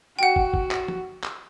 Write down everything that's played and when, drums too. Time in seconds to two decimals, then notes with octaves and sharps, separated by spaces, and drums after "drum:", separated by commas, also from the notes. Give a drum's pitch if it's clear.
0.19 F#4 F#5 G5
0.36 drum: kick
0.54 drum: kick
0.71 drum: clap
0.88 drum: tom
1.23 drum: clap